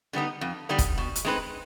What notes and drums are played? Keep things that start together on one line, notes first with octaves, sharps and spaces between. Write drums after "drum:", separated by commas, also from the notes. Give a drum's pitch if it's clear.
D3 G3 B3 D#4
F2
D3 G3 B3 D#4
drum: kick, hi-hat
B2
drum: hi-hat
G#3 C4 D#4 B4